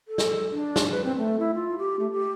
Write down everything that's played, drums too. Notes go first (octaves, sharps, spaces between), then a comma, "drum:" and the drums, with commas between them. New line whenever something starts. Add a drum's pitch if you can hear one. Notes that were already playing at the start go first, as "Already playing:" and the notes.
A4
drum: snare
D4
drum: snare
B4
C4
A3
E4
F4
G4
A3
G4